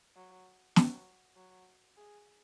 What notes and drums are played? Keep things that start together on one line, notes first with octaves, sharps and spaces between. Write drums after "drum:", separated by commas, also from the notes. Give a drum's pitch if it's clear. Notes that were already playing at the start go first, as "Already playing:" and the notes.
F#3
F#3, drum: snare
F#3
G#4